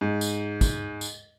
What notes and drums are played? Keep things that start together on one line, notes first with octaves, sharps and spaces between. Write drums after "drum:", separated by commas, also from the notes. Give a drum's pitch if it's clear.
G#2
drum: tambourine
drum: kick, tambourine
drum: tambourine